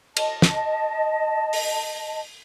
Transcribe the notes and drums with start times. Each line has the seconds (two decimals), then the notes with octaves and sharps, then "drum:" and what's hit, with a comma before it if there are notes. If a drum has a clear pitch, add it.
0.17 D#5 A5, drum: cymbal
0.42 drum: snare
1.53 drum: open hi-hat